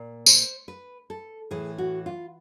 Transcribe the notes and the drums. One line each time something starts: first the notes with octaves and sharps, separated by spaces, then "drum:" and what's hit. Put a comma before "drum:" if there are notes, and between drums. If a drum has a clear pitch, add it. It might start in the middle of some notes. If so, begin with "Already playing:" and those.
Already playing: A#2
C5, drum: tambourine
B4
A4
A2 E3 G#4
F#4
F4